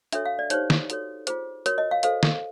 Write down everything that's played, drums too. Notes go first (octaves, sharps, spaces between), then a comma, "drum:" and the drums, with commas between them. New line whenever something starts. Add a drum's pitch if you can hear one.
D4 F#4 A4 C#5 E5, drum: hi-hat
F5
D5
D#4 G4 C5 C#5, drum: hi-hat
drum: snare
F#4 A4 C#5, drum: hi-hat
F4 G#4 C5, drum: hi-hat
F#4 A#4 C#5, drum: hi-hat
D#5
F5
F#4 A4 C5 F5, drum: hi-hat
drum: snare